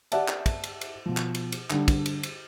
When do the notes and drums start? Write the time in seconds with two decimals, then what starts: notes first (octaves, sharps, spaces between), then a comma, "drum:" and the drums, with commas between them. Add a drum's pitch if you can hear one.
0.12 G4 D5 E5 F#5 A5, drum: cymbal
0.28 drum: clap
0.46 drum: kick, cymbal
0.64 drum: cymbal
0.81 drum: cymbal
1.06 B2 F3
1.17 drum: clap
1.35 drum: cymbal
1.52 drum: cymbal
1.70 D3 G3 D4, drum: clap
1.88 drum: kick, cymbal
2.06 drum: cymbal
2.23 drum: cymbal